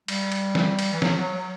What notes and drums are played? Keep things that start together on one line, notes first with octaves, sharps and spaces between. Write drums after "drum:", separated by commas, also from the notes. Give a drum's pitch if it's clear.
G3, drum: cymbal
drum: cymbal
drum: snare
drum: cymbal
E3
F#3, drum: snare
F#3
F#3